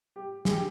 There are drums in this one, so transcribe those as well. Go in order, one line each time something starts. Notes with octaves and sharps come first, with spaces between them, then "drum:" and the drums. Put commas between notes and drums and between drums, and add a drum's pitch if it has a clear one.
G4
G#4, drum: snare
G4